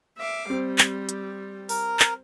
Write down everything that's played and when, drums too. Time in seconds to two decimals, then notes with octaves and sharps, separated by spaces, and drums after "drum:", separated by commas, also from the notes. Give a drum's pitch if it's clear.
0.19 E5 F5 D6
0.50 G3 C4
0.78 drum: clap
1.09 drum: hi-hat
1.69 A#4, drum: open hi-hat
1.99 drum: clap